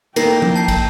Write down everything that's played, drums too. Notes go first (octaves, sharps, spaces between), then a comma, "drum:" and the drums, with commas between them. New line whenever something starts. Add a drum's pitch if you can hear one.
D#3 E3 A3 A#3 A#4 G5 A#6 C7, drum: cymbal
drum: tom F3
A5 G6 C7
drum: kick, cymbal